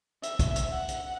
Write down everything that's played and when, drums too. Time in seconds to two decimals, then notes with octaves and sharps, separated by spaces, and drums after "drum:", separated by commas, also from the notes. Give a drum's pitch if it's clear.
0.23 E5, drum: hi-hat
0.39 drum: kick, hi-hat
0.56 drum: hi-hat
0.72 F#5
0.88 drum: hi-hat